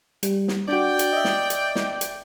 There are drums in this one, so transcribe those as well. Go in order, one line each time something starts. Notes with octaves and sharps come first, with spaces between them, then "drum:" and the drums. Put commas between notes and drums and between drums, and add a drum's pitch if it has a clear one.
G3, drum: hi-hat
drum: snare
D4 F#4 D5 G5
drum: hi-hat
D#5 E5
drum: snare
drum: hi-hat
drum: snare
drum: hi-hat